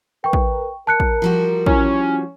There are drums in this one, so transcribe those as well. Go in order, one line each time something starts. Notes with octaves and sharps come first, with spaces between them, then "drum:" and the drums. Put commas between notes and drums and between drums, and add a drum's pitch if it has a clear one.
A#4 B4 G5 C#6
drum: kick
A#4 A5 F#6 C#7
drum: kick
F3 G3 F#4
C#4 E4, drum: kick